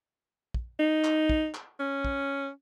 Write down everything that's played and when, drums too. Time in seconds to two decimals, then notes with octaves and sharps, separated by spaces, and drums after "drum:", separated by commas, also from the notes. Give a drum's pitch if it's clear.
0.54 drum: kick
0.79 D#4
1.04 drum: clap
1.29 drum: kick
1.54 drum: clap
1.80 C#4
2.05 drum: kick